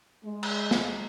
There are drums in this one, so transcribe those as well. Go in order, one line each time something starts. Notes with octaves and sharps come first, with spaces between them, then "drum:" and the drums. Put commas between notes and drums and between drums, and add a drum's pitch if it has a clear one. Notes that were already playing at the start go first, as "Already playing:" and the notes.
G#3
drum: cymbal
drum: snare